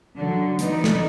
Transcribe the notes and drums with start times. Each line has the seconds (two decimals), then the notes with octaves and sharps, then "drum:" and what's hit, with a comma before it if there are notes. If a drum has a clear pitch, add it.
0.16 D3 F#3
0.59 E3 B3 D#4 D5, drum: hi-hat
0.84 drum: snare